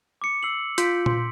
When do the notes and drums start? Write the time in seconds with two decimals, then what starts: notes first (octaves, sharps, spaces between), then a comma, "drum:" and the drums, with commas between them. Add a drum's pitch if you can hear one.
0.22 D6 C#7
0.43 E6 C7 F#7
0.78 F4 G6 B6 D7, drum: hi-hat
1.06 C6, drum: tom A#2